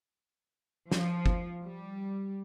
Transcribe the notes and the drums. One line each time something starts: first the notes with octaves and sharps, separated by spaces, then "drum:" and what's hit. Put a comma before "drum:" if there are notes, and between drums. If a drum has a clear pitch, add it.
F3, drum: snare
drum: kick
G3